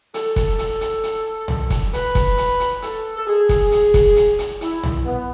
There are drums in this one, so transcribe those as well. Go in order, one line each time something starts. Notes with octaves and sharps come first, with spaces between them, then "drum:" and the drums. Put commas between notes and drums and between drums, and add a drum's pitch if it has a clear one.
A4, drum: hi-hat
drum: kick F1, hi-hat
drum: hi-hat
drum: hi-hat
drum: hi-hat
drum: tom
drum: kick F1, hi-hat
B4, drum: hi-hat
drum: kick F1, hi-hat
drum: hi-hat
drum: hi-hat
A4, drum: hi-hat
A4
G#4
drum: kick F1, hi-hat
drum: hi-hat
drum: kick F1, hi-hat
drum: hi-hat
drum: hi-hat
E4, drum: hi-hat
drum: tom
B3